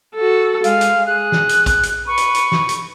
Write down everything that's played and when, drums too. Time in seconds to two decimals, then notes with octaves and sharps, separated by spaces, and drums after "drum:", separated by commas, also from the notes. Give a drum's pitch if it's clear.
0.15 F#4 A4
0.64 G#3 F5, drum: hi-hat
0.81 drum: hi-hat
1.07 G#4 F#6
1.32 drum: snare
1.49 drum: hi-hat
1.66 drum: kick A#1, hi-hat
1.83 drum: hi-hat
2.07 B4 C#6
2.17 drum: hi-hat
2.35 drum: hi-hat
2.52 drum: snare
2.69 drum: hi-hat